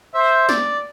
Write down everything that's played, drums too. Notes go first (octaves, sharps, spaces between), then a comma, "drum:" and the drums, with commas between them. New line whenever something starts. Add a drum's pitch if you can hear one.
C5 E5
D5, drum: snare